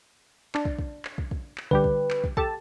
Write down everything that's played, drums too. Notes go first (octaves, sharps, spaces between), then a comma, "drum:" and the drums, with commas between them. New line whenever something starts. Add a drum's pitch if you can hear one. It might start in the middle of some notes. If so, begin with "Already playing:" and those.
D4, drum: clap
drum: kick
drum: kick
drum: clap
drum: kick
drum: kick
drum: clap
D3 G3 G4 B4, drum: kick
drum: kick
drum: clap
drum: kick
G4 A4 A5, drum: kick